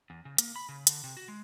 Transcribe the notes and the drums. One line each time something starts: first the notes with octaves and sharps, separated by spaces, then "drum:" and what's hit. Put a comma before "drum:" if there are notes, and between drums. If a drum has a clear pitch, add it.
E2
C#3
A#3, drum: hi-hat
B5
C#3
D3, drum: hi-hat
C3
F#4
G#3